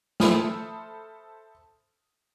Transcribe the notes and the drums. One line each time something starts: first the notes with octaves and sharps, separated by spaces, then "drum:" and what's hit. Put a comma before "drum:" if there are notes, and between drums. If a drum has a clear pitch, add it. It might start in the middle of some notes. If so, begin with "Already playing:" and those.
A4 C5 E5 B5 D#6 F6, drum: snare